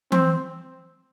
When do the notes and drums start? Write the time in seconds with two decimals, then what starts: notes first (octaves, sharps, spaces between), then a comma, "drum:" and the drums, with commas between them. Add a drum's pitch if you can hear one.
0.12 C4, drum: tom E3